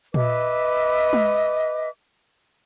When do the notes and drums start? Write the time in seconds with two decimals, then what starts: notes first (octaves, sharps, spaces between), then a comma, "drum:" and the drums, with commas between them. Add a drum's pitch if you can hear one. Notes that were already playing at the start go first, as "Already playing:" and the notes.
0.14 B4 D#5 E5 D6, drum: tom A#2
1.13 drum: tom G#3